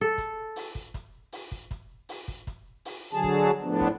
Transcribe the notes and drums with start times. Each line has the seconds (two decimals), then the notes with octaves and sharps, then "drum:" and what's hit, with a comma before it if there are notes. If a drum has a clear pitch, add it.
0.01 A4
0.18 drum: kick, hi-hat
0.56 drum: open hi-hat
0.75 drum: kick
0.94 drum: kick, hi-hat
1.32 drum: open hi-hat
1.52 drum: kick
1.71 drum: kick, hi-hat
2.09 drum: open hi-hat
2.28 drum: kick
2.47 drum: kick, hi-hat
2.85 drum: open hi-hat
3.13 D3 F#3 G#4 A5
3.23 drum: kick, hi-hat
3.62 A2 F3 B3 D4
3.81 drum: kick